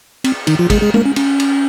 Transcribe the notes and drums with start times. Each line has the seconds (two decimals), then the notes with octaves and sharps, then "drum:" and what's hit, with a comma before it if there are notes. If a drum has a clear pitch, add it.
0.24 C4, drum: cymbal
0.47 D#3 D#4, drum: cymbal
0.59 F3 F4
0.70 G#3 G#4, drum: kick, cymbal
0.82 G#3 G#4
0.94 A#3 A#4, drum: tom G#3
1.06 C#4
1.16 C#4, drum: cymbal
1.40 drum: cymbal